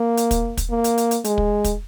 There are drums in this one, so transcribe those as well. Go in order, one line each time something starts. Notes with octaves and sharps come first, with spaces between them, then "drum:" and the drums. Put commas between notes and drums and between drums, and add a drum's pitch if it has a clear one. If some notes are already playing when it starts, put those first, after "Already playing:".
Already playing: A#3
drum: hi-hat
drum: kick, hi-hat
drum: kick, hi-hat
A#3
drum: hi-hat
drum: hi-hat
drum: hi-hat
G#3, drum: hi-hat
drum: kick
drum: kick, hi-hat